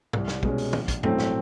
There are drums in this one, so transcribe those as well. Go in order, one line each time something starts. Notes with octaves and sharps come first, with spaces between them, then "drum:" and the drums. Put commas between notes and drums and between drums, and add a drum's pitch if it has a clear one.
C2, drum: tom
drum: snare
B2 G#3 C#4, drum: kick
drum: open hi-hat
A#1, drum: tom
drum: kick, hi-hat
A2 F#3 A3 C4, drum: tom
drum: snare